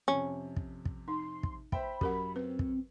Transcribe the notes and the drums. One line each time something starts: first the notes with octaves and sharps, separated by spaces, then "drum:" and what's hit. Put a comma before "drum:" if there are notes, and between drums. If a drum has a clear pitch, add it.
F2 C3 C#4
drum: kick
drum: kick
D#4 C6
drum: kick
C5 E5 G5 B5, drum: kick
F#2 G4 A#4 F#5, drum: kick
C4 B4
drum: kick